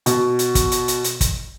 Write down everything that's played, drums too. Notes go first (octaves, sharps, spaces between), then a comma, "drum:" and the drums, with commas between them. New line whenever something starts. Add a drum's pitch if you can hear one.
B2, drum: hi-hat
drum: hi-hat
drum: kick, hi-hat
drum: hi-hat
drum: hi-hat
drum: hi-hat
drum: kick, hi-hat